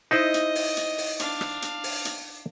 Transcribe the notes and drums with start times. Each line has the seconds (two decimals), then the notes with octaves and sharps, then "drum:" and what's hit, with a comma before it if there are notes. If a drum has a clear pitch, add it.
0.11 D#4 E4 C5 D#5
0.34 drum: hi-hat
0.55 drum: open hi-hat
0.77 drum: hi-hat
0.98 drum: open hi-hat
1.19 D4 F5, drum: hi-hat
1.41 drum: rim click
1.62 drum: hi-hat
1.84 drum: open hi-hat
2.05 drum: hi-hat